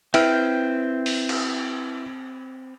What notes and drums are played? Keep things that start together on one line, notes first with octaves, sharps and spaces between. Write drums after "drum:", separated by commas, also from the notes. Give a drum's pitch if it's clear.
C4 E4 B4 E5 G5 F6, drum: cymbal
drum: open hi-hat
drum: cymbal